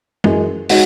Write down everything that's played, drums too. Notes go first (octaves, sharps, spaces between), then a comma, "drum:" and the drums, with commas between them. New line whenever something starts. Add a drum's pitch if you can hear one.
F#2 E3 G#3, drum: tom
G#3 D#4 F#4 C#5, drum: open hi-hat